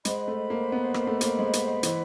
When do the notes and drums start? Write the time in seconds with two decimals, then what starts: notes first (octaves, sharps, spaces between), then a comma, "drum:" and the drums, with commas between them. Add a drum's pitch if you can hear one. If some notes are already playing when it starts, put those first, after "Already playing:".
0.05 G#3 C5 D#5 F#5 B5, drum: hi-hat
0.28 A3
0.50 A#3
0.72 B3
0.94 A#3, drum: rim click
1.07 A3
1.21 A#3, drum: hi-hat
1.39 G#3
1.53 drum: hi-hat
1.83 E3, drum: hi-hat